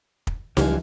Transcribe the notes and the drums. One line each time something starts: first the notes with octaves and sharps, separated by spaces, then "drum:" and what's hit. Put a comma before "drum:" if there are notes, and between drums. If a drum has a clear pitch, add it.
drum: kick
C#2 C#3 E3 F3 G3 G4 F5 G#5, drum: snare D#4